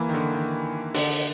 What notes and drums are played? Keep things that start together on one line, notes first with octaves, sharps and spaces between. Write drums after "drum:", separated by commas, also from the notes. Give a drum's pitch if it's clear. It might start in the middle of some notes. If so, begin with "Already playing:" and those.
Already playing: E3 A#3
D#3
D3
D#3
D3, drum: open hi-hat